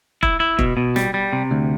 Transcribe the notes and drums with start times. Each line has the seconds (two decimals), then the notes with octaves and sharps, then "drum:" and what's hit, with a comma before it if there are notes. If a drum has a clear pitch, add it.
0.23 E4, drum: kick E1
0.40 E4
0.59 B2, drum: kick E1
0.77 B2
0.96 G3, drum: snare
1.14 G3
1.33 C3
1.51 D2